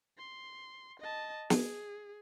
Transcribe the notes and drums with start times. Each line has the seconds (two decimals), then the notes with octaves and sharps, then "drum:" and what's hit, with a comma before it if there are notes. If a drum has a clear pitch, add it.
0.18 C6
0.99 D#5 A5
1.50 G#4, drum: snare